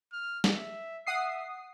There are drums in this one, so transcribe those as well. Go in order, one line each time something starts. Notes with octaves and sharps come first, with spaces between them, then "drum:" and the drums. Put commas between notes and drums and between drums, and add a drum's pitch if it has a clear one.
F6
drum: snare
E5
E5 F#5 D#6 C7